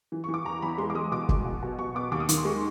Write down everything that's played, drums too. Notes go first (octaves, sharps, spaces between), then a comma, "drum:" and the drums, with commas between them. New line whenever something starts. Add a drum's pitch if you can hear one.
E3
C#6
E3
D6
E2 A#5
E2 B5
G#3 C6
D6
G#3 D#6
B2 D6
G#3, drum: kick
B2
B2
B2 C#6
B3 D6
D#2 D6
D#6
D#3 D6, drum: hi-hat
C6
G#3 C#6